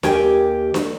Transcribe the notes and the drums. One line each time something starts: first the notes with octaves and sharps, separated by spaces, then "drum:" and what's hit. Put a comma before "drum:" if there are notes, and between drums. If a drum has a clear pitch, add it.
D#2 G4 A#4 G5 G#5, drum: snare D4
drum: snare D4